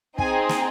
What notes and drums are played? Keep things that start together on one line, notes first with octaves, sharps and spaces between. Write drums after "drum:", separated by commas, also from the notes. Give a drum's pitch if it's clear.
C4 D#4 G#4 G#5, drum: kick
drum: snare